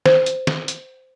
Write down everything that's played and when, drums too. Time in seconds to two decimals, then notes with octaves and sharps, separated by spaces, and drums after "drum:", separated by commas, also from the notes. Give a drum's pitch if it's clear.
0.06 C5, drum: snare
0.26 drum: hi-hat
0.47 drum: snare
0.68 drum: hi-hat